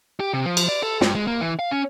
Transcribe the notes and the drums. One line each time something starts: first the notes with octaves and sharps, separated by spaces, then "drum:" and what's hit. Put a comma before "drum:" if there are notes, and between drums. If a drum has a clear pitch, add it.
G4
C3
F3
drum: cymbal
D5
A4
G2, drum: snare
G#3
A#3
E3
F5
C#4